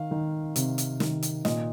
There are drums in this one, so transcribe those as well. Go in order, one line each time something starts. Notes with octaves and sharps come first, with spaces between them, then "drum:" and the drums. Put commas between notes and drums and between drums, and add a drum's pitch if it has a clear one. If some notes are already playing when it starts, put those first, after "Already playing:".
Already playing: D#3 F5
D#3
C3, drum: hi-hat
drum: hi-hat
D#3, drum: snare
drum: hi-hat
A#2 D#5, drum: snare